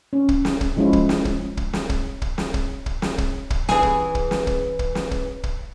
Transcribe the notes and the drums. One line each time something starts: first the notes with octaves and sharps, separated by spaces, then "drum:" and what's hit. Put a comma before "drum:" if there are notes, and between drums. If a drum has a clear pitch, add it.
C#4
drum: kick
drum: snare
drum: kick
F3 G#3 C#4 E4 F4
drum: kick
drum: snare
drum: kick
drum: kick
drum: snare
drum: kick
drum: kick
drum: snare
drum: kick
drum: kick
drum: snare
drum: kick
drum: kick
E3 G#4, drum: snare
drum: kick
drum: kick
drum: snare
drum: kick
drum: kick
drum: snare
drum: kick
drum: kick